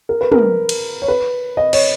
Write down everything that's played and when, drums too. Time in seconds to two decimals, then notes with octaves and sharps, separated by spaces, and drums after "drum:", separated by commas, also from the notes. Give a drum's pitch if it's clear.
0.09 A#4
0.21 B4
0.32 A#4, drum: tom
0.69 drum: cymbal
1.02 C#5
1.08 B4
1.57 D#5
1.73 C#5, drum: cymbal